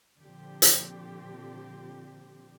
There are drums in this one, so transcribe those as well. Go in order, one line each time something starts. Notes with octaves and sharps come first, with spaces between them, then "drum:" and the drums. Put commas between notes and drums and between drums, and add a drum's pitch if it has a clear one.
A#2 D3 F3 C4 G4
drum: hi-hat